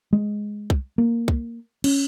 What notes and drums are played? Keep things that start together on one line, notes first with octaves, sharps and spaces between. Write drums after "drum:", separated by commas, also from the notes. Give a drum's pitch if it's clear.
G#3
drum: kick
A#3
drum: kick
C#4, drum: cymbal